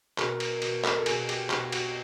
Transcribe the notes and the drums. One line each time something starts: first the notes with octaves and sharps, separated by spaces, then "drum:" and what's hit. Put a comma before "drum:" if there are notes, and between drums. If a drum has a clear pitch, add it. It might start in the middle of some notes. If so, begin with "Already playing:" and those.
B2 A#4, drum: clap
drum: cymbal
B2, drum: cymbal
A#4, drum: clap
A4
B2 G#4, drum: cymbal
G4, drum: cymbal
B2 F#4, drum: clap
F#4, drum: cymbal